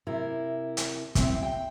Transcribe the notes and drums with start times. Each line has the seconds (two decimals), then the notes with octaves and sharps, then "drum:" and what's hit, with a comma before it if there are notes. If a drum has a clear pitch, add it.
0.07 C3 E4 A#4
0.77 drum: hi-hat
1.15 C4 E4, drum: kick, hi-hat
1.43 G5